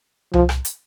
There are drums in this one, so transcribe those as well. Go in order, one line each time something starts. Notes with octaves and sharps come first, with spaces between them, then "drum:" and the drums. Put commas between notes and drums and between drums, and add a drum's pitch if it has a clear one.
F3, drum: tom C2
drum: rim click
drum: hi-hat